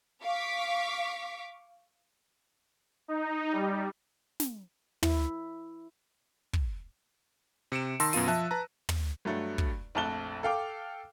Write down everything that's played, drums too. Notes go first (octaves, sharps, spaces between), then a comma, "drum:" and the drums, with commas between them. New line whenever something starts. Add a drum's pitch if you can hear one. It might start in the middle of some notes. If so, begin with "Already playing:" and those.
F5 C#6 D6 B6
D#4
G3
drum: snare
E4, drum: tom
drum: kick
C3 C#7 D7 E7
D#3 A5 C6 E6 A#6, drum: open hi-hat
F#2 B2 B3 F4 D#7, drum: open hi-hat
F3 E5 A5 F#6
B4 A5 A#5
drum: tom
G2 F#3 A3
drum: kick
A#1 F2 A3 A5 F#6 G7
A4 F5 G5 D6